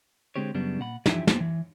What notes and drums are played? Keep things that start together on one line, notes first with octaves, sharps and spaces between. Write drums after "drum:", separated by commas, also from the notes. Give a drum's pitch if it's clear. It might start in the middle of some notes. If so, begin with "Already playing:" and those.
D3 G#3 C4 G4 C#5
F#2 C#3 G3 B3 D4
A#2 F#5 B5
E3 F3 D4 E4 G4 E5, drum: snare
A#3 B3 F4 G4 C5, drum: snare
E3